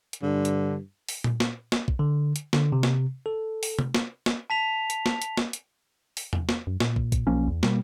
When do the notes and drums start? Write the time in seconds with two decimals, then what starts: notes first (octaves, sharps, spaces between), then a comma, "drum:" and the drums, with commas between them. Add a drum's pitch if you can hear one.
0.13 drum: hi-hat
0.23 G2 D3
0.45 drum: hi-hat
1.09 drum: open hi-hat
1.24 drum: tom A#2
1.40 drum: snare
1.72 drum: snare
1.88 drum: kick
1.99 D3
2.36 drum: hi-hat
2.53 D3, drum: snare
2.72 C3
2.83 drum: snare
3.26 A4
3.63 drum: open hi-hat
3.79 drum: tom C3
3.94 drum: snare
4.26 drum: snare
4.50 A5 B6 F7
4.90 drum: hi-hat
5.06 drum: snare
5.22 drum: hi-hat
5.37 drum: snare
5.53 drum: hi-hat
6.17 drum: open hi-hat
6.33 drum: tom E2
6.49 drum: snare
6.67 F#2
6.80 A#2, drum: snare
6.96 drum: kick
7.12 drum: kick, hi-hat
7.27 B1 F3 A#3 C#4
7.48 E2
7.63 B2 G3 A#3, drum: snare